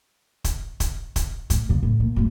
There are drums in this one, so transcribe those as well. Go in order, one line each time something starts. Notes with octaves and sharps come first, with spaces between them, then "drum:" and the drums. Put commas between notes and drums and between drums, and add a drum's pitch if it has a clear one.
drum: kick, hi-hat
drum: kick, hi-hat
drum: kick, hi-hat
A2, drum: kick, hi-hat
A#2 C#3
A2 C#3
A#2
G#1 A3